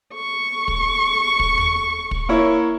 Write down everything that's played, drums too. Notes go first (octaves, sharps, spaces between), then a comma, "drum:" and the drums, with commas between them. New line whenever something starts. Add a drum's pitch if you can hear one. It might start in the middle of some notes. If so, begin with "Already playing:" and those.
C#6
drum: kick
drum: kick
drum: tom D#2
drum: kick
A#3 E4 C#5